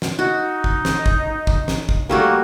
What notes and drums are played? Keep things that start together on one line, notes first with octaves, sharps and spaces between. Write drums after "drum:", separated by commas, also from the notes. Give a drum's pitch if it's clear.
drum: snare
D#4 F#4
drum: kick
drum: snare
drum: kick
drum: kick
drum: snare
drum: kick
G3 A3 A#3 F#4